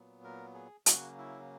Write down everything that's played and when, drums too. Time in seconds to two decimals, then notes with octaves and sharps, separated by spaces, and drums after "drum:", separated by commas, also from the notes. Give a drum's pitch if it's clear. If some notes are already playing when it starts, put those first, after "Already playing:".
Already playing: A#2 F#3 B3
0.24 A#4
0.55 G#4
0.86 C#3 F#3 A#3 F#4, drum: hi-hat
1.18 E4